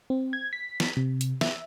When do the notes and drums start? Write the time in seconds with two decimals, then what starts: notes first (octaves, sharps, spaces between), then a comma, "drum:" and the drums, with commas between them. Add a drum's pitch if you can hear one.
0.10 C4
0.33 G#6
0.53 B6
0.80 drum: snare
0.97 C3
1.21 drum: hi-hat
1.41 E5, drum: snare